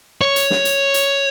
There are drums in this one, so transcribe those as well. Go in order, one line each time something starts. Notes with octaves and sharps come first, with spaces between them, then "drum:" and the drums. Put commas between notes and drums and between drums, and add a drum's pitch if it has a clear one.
C#5
drum: hi-hat
drum: snare
drum: hi-hat
drum: hi-hat